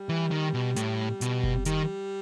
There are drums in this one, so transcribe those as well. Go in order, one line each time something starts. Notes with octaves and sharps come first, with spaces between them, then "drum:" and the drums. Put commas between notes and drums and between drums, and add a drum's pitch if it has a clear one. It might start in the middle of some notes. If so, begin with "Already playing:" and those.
Already playing: G3
E3
D#3
B2
A2, drum: hi-hat
B2, drum: hi-hat
drum: kick F#1
D#3 G3, drum: hi-hat